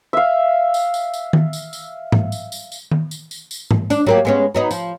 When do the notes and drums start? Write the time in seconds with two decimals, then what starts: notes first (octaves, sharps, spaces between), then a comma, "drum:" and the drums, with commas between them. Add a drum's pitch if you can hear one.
0.13 E5 F5
0.74 drum: tambourine
0.94 drum: tambourine
1.14 drum: tambourine
1.33 drum: tom D#3
1.53 drum: tambourine
1.73 drum: tambourine
2.12 drum: tom G#2
2.32 drum: tambourine
2.52 drum: tambourine
2.72 drum: tambourine
2.91 drum: tom D#3
3.11 drum: tambourine
3.31 drum: tambourine
3.51 drum: tambourine
3.71 drum: tom G#2
3.90 D4, drum: tambourine
4.07 F#3 A#3 G4
4.25 G#3 B3 C#4
4.55 F#3 B3 D#4
4.71 F3, drum: tambourine